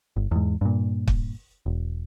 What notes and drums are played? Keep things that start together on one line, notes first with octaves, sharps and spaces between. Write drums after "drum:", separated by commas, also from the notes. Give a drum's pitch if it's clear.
G1
E2 G#2
G2 A#2
drum: kick
E1